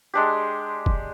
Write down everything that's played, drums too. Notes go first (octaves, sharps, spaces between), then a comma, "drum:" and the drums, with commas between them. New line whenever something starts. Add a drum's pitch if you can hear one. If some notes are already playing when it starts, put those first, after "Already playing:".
G#3 D4 G4
drum: kick